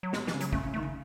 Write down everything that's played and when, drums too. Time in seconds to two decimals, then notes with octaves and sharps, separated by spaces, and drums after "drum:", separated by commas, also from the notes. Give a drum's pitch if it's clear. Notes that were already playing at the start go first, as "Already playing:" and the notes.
0.03 F#3
0.13 B2 G#3, drum: snare
0.27 E3, drum: snare
0.34 C#3
0.41 F#3, drum: hi-hat
0.53 C#3 A3, drum: kick
0.63 C#3
0.74 A3
0.76 D#3
0.83 C#3